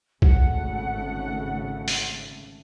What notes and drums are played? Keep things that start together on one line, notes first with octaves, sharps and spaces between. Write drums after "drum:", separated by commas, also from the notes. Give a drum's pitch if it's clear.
G#1 C#3 A3 F#5, drum: kick
drum: open hi-hat